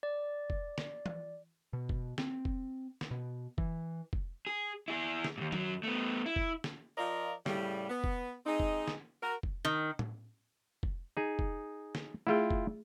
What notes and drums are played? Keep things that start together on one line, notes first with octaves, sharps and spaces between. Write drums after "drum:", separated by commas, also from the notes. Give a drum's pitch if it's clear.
D5
drum: kick
drum: snare
drum: tom
B2
drum: kick
C4, drum: snare
drum: kick
drum: snare
B2
E3, drum: kick
drum: kick
G#4
E4 G#4
drum: snare
D#2 G#2
F#2 F#3, drum: tom
A3 B3
E4
drum: kick
drum: snare
F3 F4 A#4 D5 D#5
A2 C#3 G3, drum: snare
B3
drum: kick
G#3 C4 D#4
drum: kick
drum: snare
F#4 A#4
drum: kick
D#3
drum: tom A2
drum: kick
D#4 G#4
drum: kick
drum: snare
A3 E4 F4 G#4 G5
drum: kick